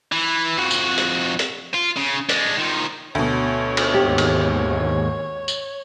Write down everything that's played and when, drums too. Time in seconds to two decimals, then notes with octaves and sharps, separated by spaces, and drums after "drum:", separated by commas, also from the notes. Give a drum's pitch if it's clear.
0.12 E3
0.57 F2 F#4
0.71 drum: tambourine
0.98 drum: hi-hat
1.39 drum: hi-hat
1.75 F4
1.97 C#3
2.29 G#3 D4, drum: hi-hat
2.57 D#3 F3
3.15 D2 B2 C#5
3.77 drum: cymbal
3.94 D#2 G#2 G4
4.18 drum: cymbal
5.48 drum: tambourine